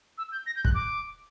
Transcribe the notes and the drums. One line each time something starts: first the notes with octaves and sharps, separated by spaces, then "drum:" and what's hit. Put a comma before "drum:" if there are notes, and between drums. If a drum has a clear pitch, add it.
E6
G6
A#6
G6
F#6, drum: kick
D6